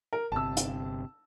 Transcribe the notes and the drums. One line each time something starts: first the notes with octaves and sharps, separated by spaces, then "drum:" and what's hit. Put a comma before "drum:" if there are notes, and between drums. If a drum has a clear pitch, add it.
A#4
G1 C3 A5 E6
drum: hi-hat